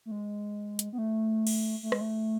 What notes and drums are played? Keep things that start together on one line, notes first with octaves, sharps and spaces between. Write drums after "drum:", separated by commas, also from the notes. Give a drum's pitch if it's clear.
A3
G#3
drum: hi-hat
B3
A3
drum: cymbal
A3
G#3, drum: rim click
A3